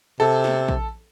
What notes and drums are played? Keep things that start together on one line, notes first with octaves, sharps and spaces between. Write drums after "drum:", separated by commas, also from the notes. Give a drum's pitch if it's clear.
C3 A4
drum: snare
drum: kick